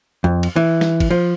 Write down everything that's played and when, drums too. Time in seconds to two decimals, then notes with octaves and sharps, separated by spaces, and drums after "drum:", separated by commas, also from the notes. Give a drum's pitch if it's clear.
0.24 F2
0.43 drum: cymbal
0.56 E3
0.81 drum: snare
1.00 drum: kick G1, cymbal
1.10 F3